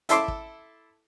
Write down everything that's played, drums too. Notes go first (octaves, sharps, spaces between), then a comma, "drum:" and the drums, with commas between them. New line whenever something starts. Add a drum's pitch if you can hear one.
E4 A4 E5 C6 D6, drum: hi-hat
drum: kick